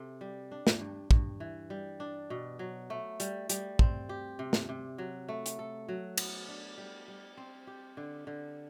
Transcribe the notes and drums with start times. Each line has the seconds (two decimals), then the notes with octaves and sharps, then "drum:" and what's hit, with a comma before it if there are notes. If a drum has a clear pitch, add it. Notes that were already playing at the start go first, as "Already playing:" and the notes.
Already playing: C3 A4
0.21 G3
0.51 D4
0.67 drum: snare
0.81 G2
1.11 G2, drum: kick
1.40 E3
1.70 G3
2.00 D4
2.30 B2
2.59 F#3
2.90 A3
3.20 G3, drum: hi-hat
3.50 G3, drum: hi-hat
3.79 C4, drum: kick
4.09 G4
4.39 C3
4.53 drum: snare
4.69 C3
4.98 F#3
5.29 A3
5.46 drum: hi-hat
5.59 A4
5.89 F#3
6.18 B3, drum: cymbal
6.48 D4
6.78 G3
7.08 G3
7.37 C4
7.67 G4
7.97 D3
8.27 D3